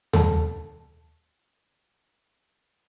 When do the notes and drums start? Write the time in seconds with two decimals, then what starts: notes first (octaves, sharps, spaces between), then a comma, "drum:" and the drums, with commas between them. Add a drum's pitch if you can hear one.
0.13 A4 A5, drum: tom D#2